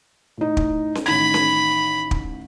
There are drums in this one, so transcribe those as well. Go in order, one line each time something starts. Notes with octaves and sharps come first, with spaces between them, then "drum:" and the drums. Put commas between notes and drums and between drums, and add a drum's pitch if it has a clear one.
A2 D#4
drum: kick
drum: snare C#4
A1 D#3 B5 G#6
drum: snare C#4
drum: kick